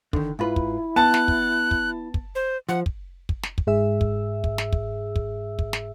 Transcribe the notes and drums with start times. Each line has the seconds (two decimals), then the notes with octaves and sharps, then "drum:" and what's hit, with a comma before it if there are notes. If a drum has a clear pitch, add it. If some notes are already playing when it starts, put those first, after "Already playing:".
0.13 D3 D#3, drum: kick
0.39 G#2 E4 F4 B4
0.56 drum: kick
0.96 B3 A5 F#6
1.14 drum: snare
1.28 drum: kick
1.71 drum: kick
2.14 drum: kick
2.35 C5
2.69 F3 F#5
2.86 drum: kick
3.29 drum: kick
3.43 drum: snare
3.58 drum: kick
3.67 G#2 G#4 E5 E6
4.01 drum: kick
4.44 drum: kick
4.58 drum: snare
4.73 drum: kick
5.16 drum: kick
5.59 drum: kick
5.73 drum: snare